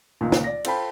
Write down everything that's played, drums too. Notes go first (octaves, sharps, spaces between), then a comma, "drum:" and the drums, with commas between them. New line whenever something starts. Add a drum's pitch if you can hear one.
C#2 A#2 D#3
drum: snare
D5 A#6
F4 A4 C5 G5 A5 B5, drum: cymbal